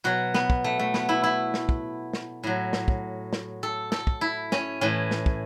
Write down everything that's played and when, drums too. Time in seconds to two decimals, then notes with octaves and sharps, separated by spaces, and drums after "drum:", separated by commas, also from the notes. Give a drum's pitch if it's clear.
0.04 B2 F#3 F#4
0.34 B3, drum: snare
0.50 drum: kick
0.64 A3
0.79 A3
0.94 B3, drum: snare
1.09 E4
1.24 E4
1.54 drum: snare
1.69 drum: kick
2.13 drum: snare
2.44 A2 F#3
2.73 drum: snare
2.88 drum: kick
3.33 drum: snare
3.63 A4
3.92 A4, drum: snare
4.07 drum: kick
4.21 E4
4.52 C#4, drum: snare
4.81 A2 E3 C#4
5.11 drum: snare
5.26 drum: kick